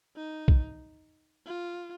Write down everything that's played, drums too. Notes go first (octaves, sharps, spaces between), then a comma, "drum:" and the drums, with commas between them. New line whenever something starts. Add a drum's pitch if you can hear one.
D#4
drum: kick
F4